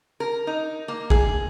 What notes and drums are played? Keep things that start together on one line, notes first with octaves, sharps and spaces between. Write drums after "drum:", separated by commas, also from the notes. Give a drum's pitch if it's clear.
A#4
D#4
A#3
G#4, drum: kick G1